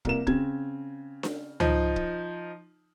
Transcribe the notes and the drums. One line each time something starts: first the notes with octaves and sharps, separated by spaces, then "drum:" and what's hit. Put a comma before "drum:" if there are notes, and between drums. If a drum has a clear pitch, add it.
C2 A#3 E7, drum: kick
C#3 C4 G#6, drum: kick
drum: snare D4
F3 D#4, drum: tom C#2
drum: kick